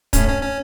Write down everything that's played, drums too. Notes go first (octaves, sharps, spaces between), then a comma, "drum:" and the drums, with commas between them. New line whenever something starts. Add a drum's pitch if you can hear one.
A2 C#4, drum: kick, hi-hat
C#4
C#4